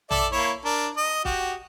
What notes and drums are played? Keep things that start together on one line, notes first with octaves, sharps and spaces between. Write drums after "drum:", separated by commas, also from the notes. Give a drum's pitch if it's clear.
A4 D5 E5, drum: tom A#1
A#3 E4 C#5
D4 A#4
D#5
F#4 G4, drum: kick